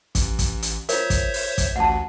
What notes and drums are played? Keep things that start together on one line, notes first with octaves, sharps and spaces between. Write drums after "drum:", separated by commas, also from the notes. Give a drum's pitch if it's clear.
A1, drum: kick, hi-hat
drum: kick, hi-hat
drum: hi-hat
F4 A#4 C5 C#5 E5, drum: hi-hat
drum: kick, hi-hat
drum: open hi-hat
drum: kick, hi-hat
A1 D2 F#5 A5